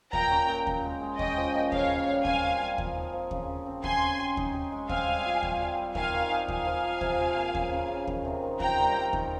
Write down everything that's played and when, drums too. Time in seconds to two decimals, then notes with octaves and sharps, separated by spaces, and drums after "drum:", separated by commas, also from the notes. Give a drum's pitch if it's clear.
0.13 A#2 G5 A#5, drum: kick D#2
0.31 C#4
0.49 A#2
0.67 G4, drum: kick D#2
0.84 G#3
1.01 G#3
1.19 C#4 D#5 G5, drum: kick D#2
1.37 F3
1.54 A#3
1.72 C#3 C#5 F5, drum: kick D#2
1.90 A#3
2.07 G3
2.25 C4 F5 G#5, drum: kick D#2
2.43 G3
2.60 G3
2.78 F3, drum: kick D#2
2.96 D#4
3.13 F3
3.31 C#3, drum: kick D#2
3.49 C#3
3.66 C4
3.84 G4 G#5 C6, drum: kick D#2
4.02 C#4
4.19 G4
4.37 D#4, drum: kick D#2
4.54 G4
4.72 G#3
4.89 C4 F5 G#5, drum: kick D#2
5.08 G3
5.26 F4
5.43 G3, drum: kick D#2
5.60 G3
5.77 G3
5.95 D#3 F5 G#5, drum: kick D#2
6.13 D#3
6.31 D#4
6.48 F4 F5 G#5, drum: kick D#2
6.66 F3
6.84 F4
7.01 C3, drum: kick D#2
7.19 F4
7.37 A#3
7.55 C#3, drum: kick D#2
7.72 C#3
7.89 C#3
8.07 D#3, drum: kick D#2
8.25 C3
8.43 D#3
8.60 F4 G5 A#5, drum: kick D#2
8.78 G3
8.96 G3
9.13 D#3, drum: kick D#2